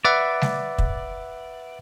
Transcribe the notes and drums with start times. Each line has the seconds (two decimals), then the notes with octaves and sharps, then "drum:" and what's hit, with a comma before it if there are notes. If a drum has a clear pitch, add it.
0.05 B4 D5 E5 F#5
0.41 drum: snare G3
0.78 drum: kick